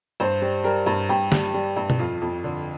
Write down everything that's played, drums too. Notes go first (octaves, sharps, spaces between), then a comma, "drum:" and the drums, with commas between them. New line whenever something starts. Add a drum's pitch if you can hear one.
G2 C5
G3
G3 A#4
G2
G2 G4
G3, drum: snare
G3
G2
drum: tom B2
F2 F4
F2
D3